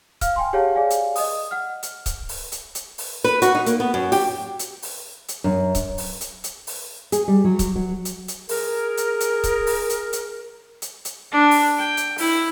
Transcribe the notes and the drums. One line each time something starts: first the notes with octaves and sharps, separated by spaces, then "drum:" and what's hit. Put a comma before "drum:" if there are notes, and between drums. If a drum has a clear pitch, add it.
F5 F6, drum: kick C#1, hi-hat
G5 G#5 C6
G4 G#4 C#5 F5 F#5 A5
G#4 D5 F5 G#5
drum: hi-hat
D#5 D#6, drum: open hi-hat
F#5 F6
drum: hi-hat
drum: kick C#1, hi-hat
drum: open hi-hat
drum: hi-hat
drum: hi-hat
drum: open hi-hat
B4
F#4, drum: hi-hat
D#4
A#3, drum: hi-hat
B3
F#2
G4, drum: open hi-hat
drum: hi-hat
drum: open hi-hat
drum: hi-hat
F#2
drum: kick C#1, hi-hat
drum: open hi-hat
drum: hi-hat
drum: hi-hat
drum: open hi-hat
G#4, drum: hi-hat
G3
F#3
drum: kick C#1, hi-hat
F#3
drum: hi-hat
drum: hi-hat
G#4 A#4, drum: open hi-hat
drum: hi-hat
drum: hi-hat
drum: kick C#1, hi-hat
drum: open hi-hat
drum: hi-hat
drum: hi-hat
drum: hi-hat
drum: hi-hat
D4
drum: open hi-hat
G5
drum: hi-hat
E4, drum: open hi-hat